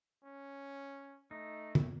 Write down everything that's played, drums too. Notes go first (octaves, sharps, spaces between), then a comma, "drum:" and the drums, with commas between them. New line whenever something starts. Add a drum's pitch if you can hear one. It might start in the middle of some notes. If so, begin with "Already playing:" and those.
C#4
A3 D#4
drum: tom